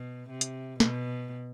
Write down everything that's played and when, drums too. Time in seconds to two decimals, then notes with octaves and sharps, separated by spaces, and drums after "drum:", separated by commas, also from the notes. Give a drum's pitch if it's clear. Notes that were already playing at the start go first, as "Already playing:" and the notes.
Already playing: B2
0.30 C3
0.41 drum: hi-hat
0.80 B2, drum: snare